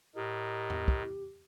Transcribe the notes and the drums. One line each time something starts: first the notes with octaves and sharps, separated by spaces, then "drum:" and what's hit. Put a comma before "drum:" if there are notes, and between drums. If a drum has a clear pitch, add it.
A2 G4 A#4 D#5
drum: tom E2
drum: kick